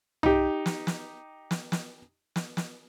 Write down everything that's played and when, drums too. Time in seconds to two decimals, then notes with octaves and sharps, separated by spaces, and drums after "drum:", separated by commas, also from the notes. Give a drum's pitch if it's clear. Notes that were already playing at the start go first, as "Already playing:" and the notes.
0.23 D#4 G4, drum: tom
0.66 drum: snare
0.87 drum: snare
1.51 drum: snare
1.72 drum: snare
2.36 drum: snare
2.57 drum: snare